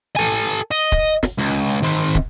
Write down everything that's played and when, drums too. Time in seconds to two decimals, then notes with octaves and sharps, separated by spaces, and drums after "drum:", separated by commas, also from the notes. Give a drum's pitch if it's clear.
0.17 A4 G#5
0.71 D#5
0.92 drum: kick
1.23 drum: snare
1.38 C#2
1.83 D#3 C4
2.15 drum: kick